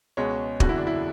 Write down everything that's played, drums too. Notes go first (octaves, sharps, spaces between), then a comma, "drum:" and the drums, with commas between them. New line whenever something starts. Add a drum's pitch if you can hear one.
C#2 B2 G#3 C#5
F#1 E2 D3 F#3 F#4, drum: kick
E4
D4
E4